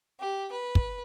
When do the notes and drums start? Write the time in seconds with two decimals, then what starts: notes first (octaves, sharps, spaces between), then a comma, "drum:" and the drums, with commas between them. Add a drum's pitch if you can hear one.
0.19 G4
0.51 B4
0.75 drum: kick